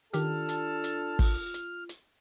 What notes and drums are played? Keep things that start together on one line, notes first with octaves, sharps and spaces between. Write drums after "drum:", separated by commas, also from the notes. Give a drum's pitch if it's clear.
D#3 D4 F4 G4 A4 A5 F6, drum: hi-hat
drum: hi-hat
drum: hi-hat
drum: kick, open hi-hat
drum: hi-hat
drum: hi-hat